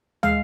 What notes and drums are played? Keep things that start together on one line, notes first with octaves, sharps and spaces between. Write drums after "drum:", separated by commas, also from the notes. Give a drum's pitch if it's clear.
G#3 F5, drum: tom